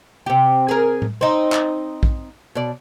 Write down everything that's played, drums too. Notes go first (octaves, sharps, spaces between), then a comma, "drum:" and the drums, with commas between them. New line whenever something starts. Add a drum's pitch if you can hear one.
C3 G4
G#4 A#4
drum: tom A2
C4 D#4
drum: clap
drum: kick
B2 D5